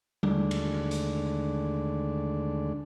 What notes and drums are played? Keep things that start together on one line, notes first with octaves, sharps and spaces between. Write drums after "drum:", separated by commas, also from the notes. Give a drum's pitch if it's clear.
D#2 D3 G#3 A3 D4, drum: tom G3
drum: cymbal
drum: hi-hat